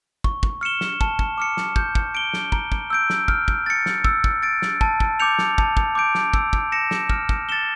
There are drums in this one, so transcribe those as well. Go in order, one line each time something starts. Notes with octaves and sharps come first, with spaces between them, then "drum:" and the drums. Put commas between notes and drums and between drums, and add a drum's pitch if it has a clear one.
C#6, drum: kick
drum: kick
F6 C#7 E7 G7
drum: snare
A5, drum: kick
drum: kick
D6 F6 C#7
drum: snare
G6, drum: kick
drum: kick
D7 G7
drum: snare
A#5, drum: kick
drum: kick
E6 G6 D7
drum: snare
F6, drum: kick
drum: kick
A6 C#7
drum: snare
E6, drum: kick
drum: kick
A6 D7
drum: snare
A5, drum: kick
drum: kick
D6 G6 C#7 F7
drum: snare
A5, drum: kick
drum: kick
D6 G6 D7
drum: snare
E6, drum: kick
drum: kick
A#6 C#7 E7
drum: snare
F6, drum: kick
drum: kick
A6 C#7 E7 G7